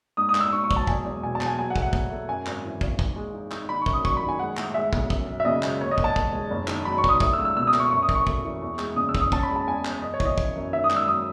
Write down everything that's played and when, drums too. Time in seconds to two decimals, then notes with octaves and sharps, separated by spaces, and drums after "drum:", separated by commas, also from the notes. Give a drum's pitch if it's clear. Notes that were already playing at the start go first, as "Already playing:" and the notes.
0.17 G#2 D#6
0.29 D#6
0.35 G#2, drum: clap
0.41 E6
0.52 G#2 C#6
0.64 C#6
0.71 F#3, drum: kick
0.76 A5
0.87 E1 G#5, drum: kick
1.05 E2
1.23 B2 G#5
1.35 A5
1.41 E2, drum: clap
1.46 G#5
1.59 F#3 G#5
1.70 F#5
1.76 A3, drum: kick
1.82 F#5
1.93 F#3, drum: kick
2.11 A3
2.28 F#2 G#5
2.46 G#1, drum: clap
2.64 E3
2.81 G#1, drum: kick
2.99 D#4, drum: kick
3.16 G#3
3.34 D#4
3.51 D#4, drum: clap
3.69 D#3 B5
3.82 C#6
3.86 F#2, drum: kick
3.93 D#6
4.05 F#3 C#6, drum: kick
4.17 B5
4.22 D#3
4.28 G#5
4.39 G#3 F#5
4.57 A2, drum: clap
4.74 G#3 E5
4.93 B1, drum: kick
5.10 F#2, drum: kick
5.27 F#2
5.40 E5
5.45 C#3 D#5
5.63 G#3, drum: clap
5.80 D#2 C#5
5.91 D#5
5.98 D#2, drum: kick
6.04 A5
6.16 E1, drum: kick
6.33 G#3
6.50 F#1
6.68 D#3, drum: clap
6.85 F#3 B5
6.98 C#6
7.04 D#3 D#6, drum: kick
7.20 A3 D#6, drum: kick
7.33 E6
7.38 C#2
7.45 E6
7.56 B2 E6
7.67 D#6
7.74 A3, drum: clap
7.80 C#6
7.91 F#2 C#6
8.03 D#6
8.09 F#2, drum: kick
8.15 C#6
8.27 A3, drum: kick
8.44 E3
8.62 E2
8.79 G#3, drum: clap
8.96 C#3 D#6
9.09 E6
9.15 F#1, drum: kick
9.20 D#6
9.32 C#4 A5, drum: kick
9.43 B5
9.50 G#3
9.56 A5
9.67 E2 G#5
9.85 E2, drum: clap
10.02 F#2 D#5
10.14 C#5
10.20 E3, drum: kick
10.25 D#5
10.38 F#2, drum: kick
10.55 F#2
10.73 D#3 E5
10.84 D#6
10.90 G#2, drum: clap
10.96 E6
11.08 F#3 D#6